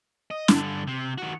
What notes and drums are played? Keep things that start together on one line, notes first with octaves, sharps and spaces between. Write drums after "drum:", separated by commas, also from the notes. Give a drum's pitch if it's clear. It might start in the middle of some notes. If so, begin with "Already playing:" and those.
D#5
G2 D3, drum: snare
C3
D#3 F#4